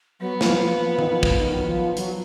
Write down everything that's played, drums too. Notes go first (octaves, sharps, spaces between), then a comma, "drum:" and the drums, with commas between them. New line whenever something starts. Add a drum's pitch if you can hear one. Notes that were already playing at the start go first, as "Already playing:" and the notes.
F#3 B3
F3, drum: snare
F3
F3
D#3, drum: tom D#3
F3
drum: kick
D#3
F#3
F3
F#3, drum: hi-hat